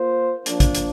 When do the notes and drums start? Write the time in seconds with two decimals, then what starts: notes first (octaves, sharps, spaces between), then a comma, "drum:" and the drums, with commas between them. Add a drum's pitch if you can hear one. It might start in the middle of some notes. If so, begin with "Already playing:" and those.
Already playing: A#3 F4 C5
0.46 F3 A#3 D4, drum: hi-hat
0.60 drum: kick, hi-hat
0.75 drum: hi-hat